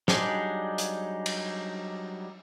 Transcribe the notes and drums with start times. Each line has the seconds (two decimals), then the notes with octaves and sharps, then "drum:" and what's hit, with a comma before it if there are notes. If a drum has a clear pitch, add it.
0.08 F#3 G3 D4 D#4 G#4, drum: snare
0.78 drum: hi-hat
1.26 drum: cymbal